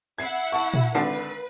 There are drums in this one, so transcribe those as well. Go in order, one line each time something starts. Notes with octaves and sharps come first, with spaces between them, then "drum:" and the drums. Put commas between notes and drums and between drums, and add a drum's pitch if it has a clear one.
E4 F#5 G#6 C7
A5 C#6
drum: tom A#2
G#1 D3 B4 A5 C7